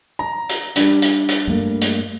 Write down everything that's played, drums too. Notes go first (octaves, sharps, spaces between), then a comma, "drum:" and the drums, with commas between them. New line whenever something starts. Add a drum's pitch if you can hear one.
A#5
drum: hi-hat
G3 D4, drum: hi-hat
drum: hi-hat
drum: hi-hat
G2 A3 A#3
drum: hi-hat